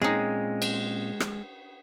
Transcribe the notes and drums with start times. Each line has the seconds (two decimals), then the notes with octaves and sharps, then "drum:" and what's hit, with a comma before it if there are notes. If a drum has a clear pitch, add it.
0.02 A#2 G#3 C4 C#4 D#4 G#4
0.62 drum: cymbal
1.20 drum: rim click